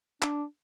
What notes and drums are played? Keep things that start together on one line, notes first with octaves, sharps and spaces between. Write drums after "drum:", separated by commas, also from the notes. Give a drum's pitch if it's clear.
D4, drum: clap